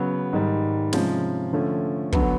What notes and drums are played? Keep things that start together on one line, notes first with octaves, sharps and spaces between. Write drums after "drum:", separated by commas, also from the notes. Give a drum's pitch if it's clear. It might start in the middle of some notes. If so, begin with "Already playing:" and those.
Already playing: C#3 F#3 B3
G#2 D#3 G3
C3 F3 G#3 C#4, drum: snare
D3 F3 A3 C#4
D3 F#3 B3, drum: kick